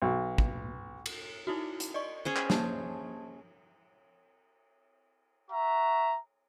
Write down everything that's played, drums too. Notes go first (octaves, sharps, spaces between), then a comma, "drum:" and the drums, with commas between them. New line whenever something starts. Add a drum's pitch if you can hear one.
B1
drum: kick
drum: cymbal
D#4 E4 F#4
drum: hi-hat
D5 D#5 C#6
C#4 G#4 C5
drum: clap
A#3 A5, drum: snare
F#4 E5 A#5